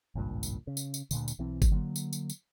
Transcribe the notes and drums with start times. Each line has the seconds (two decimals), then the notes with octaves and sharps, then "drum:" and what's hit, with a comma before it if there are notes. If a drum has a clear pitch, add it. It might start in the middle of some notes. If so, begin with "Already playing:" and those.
0.15 G#1 C#2 G2 A#2
0.43 drum: tambourine
0.67 C#3
0.77 drum: tambourine
0.94 drum: tambourine
1.11 D2 A#2 D3, drum: tambourine
1.28 drum: tambourine
1.39 B1 E3 C4
1.62 drum: kick G1, tambourine
1.71 D3 F#3 A#3
1.96 drum: tambourine
2.13 drum: tambourine
2.30 drum: tambourine